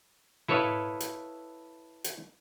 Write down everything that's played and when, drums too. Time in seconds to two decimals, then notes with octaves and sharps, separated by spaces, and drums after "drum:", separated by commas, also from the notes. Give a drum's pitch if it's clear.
0.48 E4 A4 B4 C#5 D#5 F5, drum: tom
1.00 drum: hi-hat
2.04 drum: hi-hat